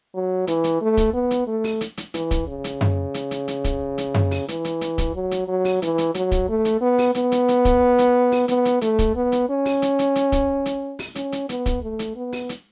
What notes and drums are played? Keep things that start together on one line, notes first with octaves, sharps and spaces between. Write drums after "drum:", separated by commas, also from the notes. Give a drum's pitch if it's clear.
F#3
E3, drum: hi-hat
drum: hi-hat
A3
drum: kick, hi-hat
B3
drum: hi-hat
A3
drum: open hi-hat
drum: hi-hat
drum: hi-hat
E3, drum: hi-hat
drum: kick, hi-hat
C#3
drum: hi-hat
drum: tom F#2
drum: hi-hat
drum: hi-hat
drum: hi-hat
drum: kick, hi-hat
drum: hi-hat
drum: tom F#2
drum: open hi-hat
E3, drum: hi-hat
drum: hi-hat
drum: hi-hat
drum: kick, hi-hat
F#3
drum: hi-hat
F#3
drum: open hi-hat
E3, drum: hi-hat
drum: hi-hat
F#3, drum: hi-hat
drum: kick, hi-hat
A3
drum: hi-hat
B3
drum: open hi-hat
B3, drum: hi-hat
drum: hi-hat
drum: hi-hat
drum: kick, hi-hat
drum: hi-hat
drum: open hi-hat
B3, drum: hi-hat
drum: hi-hat
A3, drum: hi-hat
drum: kick, hi-hat
B3
drum: hi-hat
C#4
drum: open hi-hat
drum: hi-hat
drum: hi-hat
drum: hi-hat
drum: kick, hi-hat
drum: hi-hat
drum: open hi-hat
C#4, drum: hi-hat
drum: hi-hat
B3, drum: hi-hat
drum: kick, hi-hat
A3
drum: hi-hat
B3
drum: open hi-hat
drum: hi-hat